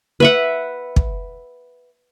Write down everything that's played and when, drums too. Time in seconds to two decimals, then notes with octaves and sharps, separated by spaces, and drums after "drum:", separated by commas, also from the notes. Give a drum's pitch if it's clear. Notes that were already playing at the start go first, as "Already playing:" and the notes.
0.20 B4 E5 F#5
0.96 drum: kick